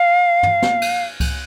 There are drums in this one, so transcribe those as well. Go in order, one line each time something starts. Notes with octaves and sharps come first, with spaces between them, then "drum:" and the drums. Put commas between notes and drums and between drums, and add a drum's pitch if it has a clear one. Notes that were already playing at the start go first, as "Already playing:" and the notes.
Already playing: F5
drum: tom
drum: snare
drum: cymbal
drum: kick C#2, cymbal